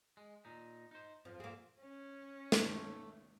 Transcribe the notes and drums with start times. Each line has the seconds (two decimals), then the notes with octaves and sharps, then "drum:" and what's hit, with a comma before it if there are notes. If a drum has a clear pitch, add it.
0.17 G#3
0.45 A#2 D#4
0.91 D#4 C5
1.25 F2 F3
1.40 A#2 A#3 C4 G#4
1.81 C#4
2.52 A3, drum: snare